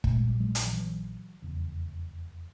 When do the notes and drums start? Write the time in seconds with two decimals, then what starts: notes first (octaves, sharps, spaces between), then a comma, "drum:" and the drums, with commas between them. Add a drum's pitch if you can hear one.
0.04 A#1 A#2 A3, drum: kick
0.15 G#3
0.28 G3
0.40 F#3 G#3
0.55 drum: hi-hat
0.67 F3
0.73 E3 F#3
1.42 F1 E2 C#3